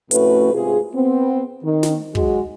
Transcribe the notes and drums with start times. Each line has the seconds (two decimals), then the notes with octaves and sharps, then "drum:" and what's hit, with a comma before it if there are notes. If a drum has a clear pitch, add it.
0.11 F2 A2 A3 C#4 F#4 B4, drum: hi-hat
0.54 G#2 C3 F4 G#4
0.95 B3 C4
1.65 D#3
1.83 drum: snare
2.15 F#3 G#3 F#4, drum: kick